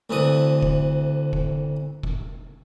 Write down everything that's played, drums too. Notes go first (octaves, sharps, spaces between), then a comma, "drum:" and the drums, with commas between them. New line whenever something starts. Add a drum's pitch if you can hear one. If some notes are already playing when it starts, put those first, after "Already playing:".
D2 C3 E3 D#6
drum: kick F1
drum: kick F1
drum: kick F1